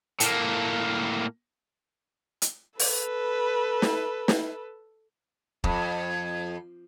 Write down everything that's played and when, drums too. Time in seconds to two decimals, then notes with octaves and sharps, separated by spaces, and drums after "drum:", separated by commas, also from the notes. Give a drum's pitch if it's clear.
0.20 A2 A#3, drum: hi-hat
2.42 drum: hi-hat
2.79 A4 B4, drum: open hi-hat
3.82 drum: snare
4.28 drum: snare
5.64 F2, drum: kick